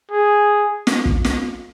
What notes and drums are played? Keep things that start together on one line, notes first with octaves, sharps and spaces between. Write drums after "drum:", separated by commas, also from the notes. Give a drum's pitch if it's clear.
G#4
drum: snare
drum: kick
drum: snare